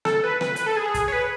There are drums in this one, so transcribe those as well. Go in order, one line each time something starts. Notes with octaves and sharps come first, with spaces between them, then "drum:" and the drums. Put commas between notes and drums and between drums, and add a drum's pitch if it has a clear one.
A4, drum: rim click
B4
B4, drum: rim click
B4, drum: hi-hat
A4
G#4
drum: kick, hi-hat
C#5
B4